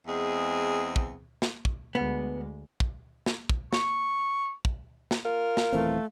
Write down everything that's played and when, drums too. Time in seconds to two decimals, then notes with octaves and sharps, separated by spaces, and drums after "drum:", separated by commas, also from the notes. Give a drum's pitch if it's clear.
0.07 E2 G#3 C4 G#4
0.96 drum: kick
1.42 drum: snare
1.65 drum: kick
1.95 D2 G#3 B3
2.80 drum: kick
3.26 drum: snare
3.49 drum: kick
3.73 C#6, drum: snare
4.65 drum: kick
5.11 drum: snare
5.25 F4 A#4
5.57 drum: snare
5.73 D#1 E3 A3 C4